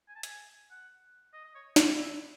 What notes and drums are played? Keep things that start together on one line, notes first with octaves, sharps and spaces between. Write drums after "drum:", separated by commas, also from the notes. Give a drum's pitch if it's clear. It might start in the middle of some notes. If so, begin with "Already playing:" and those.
G#5
A5
G#5, drum: hi-hat
F#5
D#5
D#5
C#5
D#4, drum: snare
E4